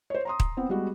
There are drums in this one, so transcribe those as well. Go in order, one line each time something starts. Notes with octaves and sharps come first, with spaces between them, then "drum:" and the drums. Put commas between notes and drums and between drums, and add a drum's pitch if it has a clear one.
C5 C#5
A#5 C6 D#6
drum: kick
B3 C4
G3 G#3 B3 F#4